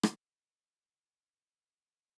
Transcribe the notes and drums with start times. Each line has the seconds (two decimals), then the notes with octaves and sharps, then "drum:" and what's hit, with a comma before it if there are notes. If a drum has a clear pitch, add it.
0.03 drum: rim click
0.19 A2
0.75 B3 F4 F#4
1.94 B3 F5